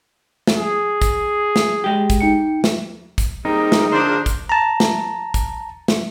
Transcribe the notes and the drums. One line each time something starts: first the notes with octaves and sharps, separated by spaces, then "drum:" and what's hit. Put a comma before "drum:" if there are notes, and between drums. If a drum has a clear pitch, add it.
drum: snare
G#4
drum: kick, hi-hat
drum: snare
G#3 G4
drum: kick, hi-hat
D#4 G5 C#7
drum: snare
drum: kick, hi-hat
G3 A#3 C4 D#4 G#4
drum: snare
D3 D4 F4 A#4 C5
drum: kick, hi-hat
A5 A#5
drum: snare
drum: kick, hi-hat
drum: snare